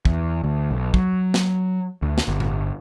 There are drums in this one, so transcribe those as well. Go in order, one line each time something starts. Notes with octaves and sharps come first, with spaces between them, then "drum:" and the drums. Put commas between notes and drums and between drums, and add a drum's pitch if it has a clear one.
E2, drum: kick
D2
B1
F#3, drum: kick
drum: snare
D2
drum: snare
G1
drum: tom A2